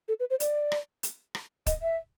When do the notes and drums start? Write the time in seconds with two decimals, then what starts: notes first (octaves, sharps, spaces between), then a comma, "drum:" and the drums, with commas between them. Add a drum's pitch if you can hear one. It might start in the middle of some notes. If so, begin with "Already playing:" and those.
0.08 A4
0.20 B4
0.30 C5
0.40 D5, drum: hi-hat
0.72 drum: rim click
1.03 drum: hi-hat
1.35 drum: rim click
1.66 D#5, drum: kick, hi-hat
1.82 E5